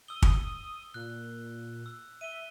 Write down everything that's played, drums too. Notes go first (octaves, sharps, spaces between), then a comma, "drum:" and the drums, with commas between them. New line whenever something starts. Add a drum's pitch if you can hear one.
D#6 E6 G7
drum: kick
A#2 F#6
E6
E5 D#7 G7